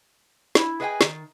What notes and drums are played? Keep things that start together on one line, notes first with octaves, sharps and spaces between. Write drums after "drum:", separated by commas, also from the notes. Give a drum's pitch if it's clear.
E4, drum: snare
G#4 B4 D#5 E5 G5 G#5
D#3, drum: snare